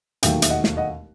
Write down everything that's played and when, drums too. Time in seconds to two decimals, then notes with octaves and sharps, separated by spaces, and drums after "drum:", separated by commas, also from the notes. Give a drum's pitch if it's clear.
0.23 E1 D#2 D#3 F#3 A3 E5 G5, drum: hi-hat
0.42 E5, drum: hi-hat
0.50 D#5 F#5
0.64 drum: snare
0.77 D#5 F#5